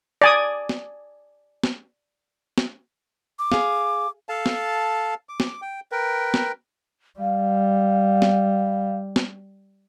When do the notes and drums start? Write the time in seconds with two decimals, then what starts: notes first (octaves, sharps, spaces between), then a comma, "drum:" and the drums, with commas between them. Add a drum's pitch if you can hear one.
0.22 D5 G#5 D#6
0.69 drum: snare
1.64 drum: snare
2.58 drum: snare
3.39 D6
3.52 G#4 F5, drum: snare
4.29 A4 F5 A5
4.46 drum: snare
5.29 D6
5.40 drum: snare
5.62 G5
5.92 A#4 B4 G5
6.34 drum: snare
7.19 G3 F5
8.22 drum: snare
9.16 drum: snare